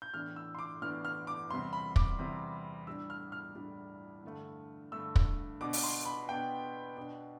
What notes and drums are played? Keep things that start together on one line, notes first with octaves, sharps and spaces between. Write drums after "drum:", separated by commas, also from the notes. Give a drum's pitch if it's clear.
G6
A2 E3 B3 D4 F6
E6
C6
D6
A2 E3 B3 D4 F6
F6
D6
E2 C3 G3 C4 C6
B5
D6, drum: kick
E2 C3 G3 C4
A2 G3 D4 E6
F6
F6
A2 G3 D4
G2 D3 A3
G2 D3 A3 E6
drum: kick
B2 B3 D4 D6
drum: open hi-hat
C6
B5
B2 B3 D4 G5
B2 B3 D4